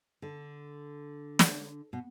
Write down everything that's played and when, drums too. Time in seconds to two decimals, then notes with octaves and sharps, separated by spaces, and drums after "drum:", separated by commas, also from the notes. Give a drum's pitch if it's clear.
0.22 D3
1.39 drum: snare
1.93 B2